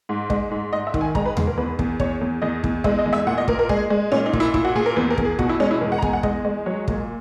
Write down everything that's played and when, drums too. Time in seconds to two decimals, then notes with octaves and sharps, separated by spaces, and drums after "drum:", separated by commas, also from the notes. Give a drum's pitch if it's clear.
0.09 G#2
0.30 G#3, drum: kick
0.51 G#2
0.73 G#2 D#5
0.87 E5
0.94 D#3, drum: kick
1.01 G#5
1.15 G#3 A#5, drum: kick
1.25 B4
1.37 G#2 G#4, drum: tom D#2
1.47 A#4
1.57 E2 B4
1.79 E2, drum: kick
2.00 E2 C#5, drum: kick
2.21 E2
2.42 E2 D#5
2.64 E2, drum: kick
2.84 G#3 E5, drum: kick
2.99 D#5
3.06 E2
3.13 E5
3.27 A#2 F#5
3.38 D#5
3.48 A#2 A#4, drum: kick
3.59 A#4
3.69 G#3 G#4, drum: kick
3.90 G#3
4.12 A#2 C#4
4.26 D#4
4.33 A#2, drum: kick
4.40 E4
4.54 A#2 E4, drum: kick
4.65 F#4
4.75 A#2 G#4
4.86 A#4
4.96 E2 B4
5.10 A#4
5.18 E2, drum: kick
5.25 G#4
5.39 B2 F#4, drum: kick
5.49 E4
5.60 G#3 C#4
5.71 E4
5.81 E2 A#4
5.92 F#5
5.98 A#5
6.02 E2 G#5, drum: kick
6.13 F#5
6.23 G#3 D#5, drum: kick
6.45 G#3
6.66 F#3 C#5
6.88 A#2, drum: kick